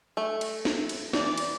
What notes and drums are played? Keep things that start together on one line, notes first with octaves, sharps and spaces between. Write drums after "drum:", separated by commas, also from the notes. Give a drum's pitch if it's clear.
A3
drum: cymbal
drum: snare
drum: cymbal
E3 D5, drum: snare
drum: cymbal